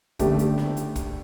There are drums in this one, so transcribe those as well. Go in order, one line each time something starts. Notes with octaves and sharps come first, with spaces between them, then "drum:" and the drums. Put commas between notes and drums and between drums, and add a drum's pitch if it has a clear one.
D3 A3 D4 G4, drum: kick, hi-hat
drum: hi-hat
drum: snare
drum: hi-hat
drum: kick, hi-hat